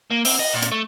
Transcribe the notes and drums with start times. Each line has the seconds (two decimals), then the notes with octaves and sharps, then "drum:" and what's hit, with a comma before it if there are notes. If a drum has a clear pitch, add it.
0.11 A#3
0.25 C4, drum: open hi-hat
0.39 D#5
0.53 A#2
0.62 drum: hi-hat
0.71 A3